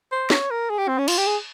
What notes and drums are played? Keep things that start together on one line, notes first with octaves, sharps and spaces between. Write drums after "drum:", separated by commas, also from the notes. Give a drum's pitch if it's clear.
C5
C#5, drum: snare
A#4
G#4
G4
C4
C#4
F4, drum: cymbal
G4
G#4